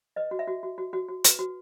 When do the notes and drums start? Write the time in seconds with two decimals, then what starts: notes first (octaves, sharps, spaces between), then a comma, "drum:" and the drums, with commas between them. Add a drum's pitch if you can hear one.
0.16 B4 D#5
0.31 F#4
0.39 E5
0.47 F#4
0.63 F#4
0.78 F#4
0.93 F#4
1.08 F#4
1.24 B4, drum: hi-hat
1.39 F#4